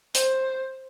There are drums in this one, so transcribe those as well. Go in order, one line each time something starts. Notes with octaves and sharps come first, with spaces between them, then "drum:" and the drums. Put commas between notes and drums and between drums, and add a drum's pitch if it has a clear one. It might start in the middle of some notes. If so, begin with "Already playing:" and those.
C5, drum: hi-hat